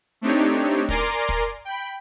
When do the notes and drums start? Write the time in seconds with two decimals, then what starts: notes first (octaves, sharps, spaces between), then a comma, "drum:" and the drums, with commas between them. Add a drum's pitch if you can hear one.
0.21 A3 C4 D4 D#4 G4 C#5
0.89 A#4 D5 G#5 A#5 C6 D6, drum: kick
1.29 drum: kick
1.65 G5 B5